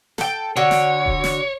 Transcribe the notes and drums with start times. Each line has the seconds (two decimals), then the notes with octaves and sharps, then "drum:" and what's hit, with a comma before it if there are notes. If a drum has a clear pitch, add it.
0.18 A4 G5, drum: snare
0.57 D3 F#4 C#5
0.71 drum: snare
1.06 drum: kick D#1
1.24 drum: snare